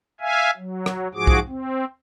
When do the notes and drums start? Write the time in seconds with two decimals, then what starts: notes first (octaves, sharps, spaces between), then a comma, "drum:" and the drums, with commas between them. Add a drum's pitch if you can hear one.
0.21 E5 F5 G#5
0.57 F#3
0.86 drum: rim click
1.14 G#2 F3 F#4 G#4 D6
1.27 drum: kick B1
1.48 C4